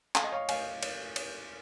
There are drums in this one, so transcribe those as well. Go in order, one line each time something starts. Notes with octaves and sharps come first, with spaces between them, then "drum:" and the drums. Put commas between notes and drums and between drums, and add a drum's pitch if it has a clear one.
F5, drum: clap
D#5
C#5 F5
F5 G#5, drum: cymbal
drum: cymbal
drum: cymbal